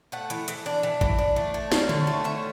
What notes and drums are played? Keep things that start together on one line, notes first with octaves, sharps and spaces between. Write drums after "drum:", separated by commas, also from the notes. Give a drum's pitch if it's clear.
A3 F#5
E3, drum: hi-hat
E3, drum: hi-hat
D4
E3
E3, drum: kick
D4
A3
A3
C#4, drum: snare
D3, drum: tom D3
A3
C#4 E5